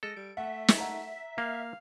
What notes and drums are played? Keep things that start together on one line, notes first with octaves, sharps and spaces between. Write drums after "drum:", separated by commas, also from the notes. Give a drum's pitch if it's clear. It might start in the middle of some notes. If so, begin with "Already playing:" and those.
G#3 A4 A#6
G3 D7
A3 E5 F#5
drum: snare
F#5 A#5
A#3 F5